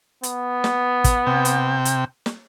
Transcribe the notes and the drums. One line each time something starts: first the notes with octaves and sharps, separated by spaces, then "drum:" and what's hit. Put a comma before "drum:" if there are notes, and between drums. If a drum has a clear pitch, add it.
B3, drum: hi-hat
drum: snare
drum: kick, hi-hat
C3 G5
drum: hi-hat
drum: hi-hat
drum: snare